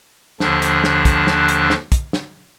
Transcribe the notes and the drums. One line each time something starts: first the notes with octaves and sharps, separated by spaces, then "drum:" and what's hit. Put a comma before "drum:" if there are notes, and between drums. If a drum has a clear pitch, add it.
D#2 D3 F3 D4 F#6, drum: snare
drum: hi-hat
drum: snare
drum: kick, hi-hat
drum: snare
drum: hi-hat
drum: snare
drum: kick, hi-hat
drum: snare